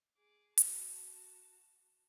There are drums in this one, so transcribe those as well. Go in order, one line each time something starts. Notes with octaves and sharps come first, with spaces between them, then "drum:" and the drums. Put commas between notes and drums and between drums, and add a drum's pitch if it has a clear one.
G#4 D6
F#4 A5, drum: hi-hat